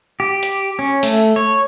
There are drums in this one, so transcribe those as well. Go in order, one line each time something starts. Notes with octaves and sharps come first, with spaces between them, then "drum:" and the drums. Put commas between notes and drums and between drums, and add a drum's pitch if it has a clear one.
G4
drum: hi-hat
C#4
A3, drum: open hi-hat
C#5